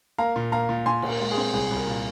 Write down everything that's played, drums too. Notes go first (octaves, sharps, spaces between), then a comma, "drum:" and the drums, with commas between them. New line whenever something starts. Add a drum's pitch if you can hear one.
A#3 F5 A#5
A#2
A#3 F5 A#5
A#2
A#2 G#5 C6
A#2, drum: cymbal
A#4
G#3
G#4
C4
C2 G#4
C2
A#4
A#2